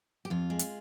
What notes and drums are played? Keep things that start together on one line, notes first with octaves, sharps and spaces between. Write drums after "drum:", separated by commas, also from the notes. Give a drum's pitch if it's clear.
G4
F2 F4
G#3
drum: hi-hat